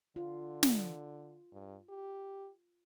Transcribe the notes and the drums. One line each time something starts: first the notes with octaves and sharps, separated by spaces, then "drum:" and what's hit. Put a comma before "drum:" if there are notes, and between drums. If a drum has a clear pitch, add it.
D3 F4
drum: snare
G2
G4